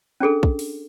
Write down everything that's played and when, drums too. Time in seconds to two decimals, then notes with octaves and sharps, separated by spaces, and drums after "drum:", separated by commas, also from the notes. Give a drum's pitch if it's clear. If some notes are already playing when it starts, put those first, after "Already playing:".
0.20 C#4 D4 G#4 A4
0.43 drum: kick
0.59 drum: open hi-hat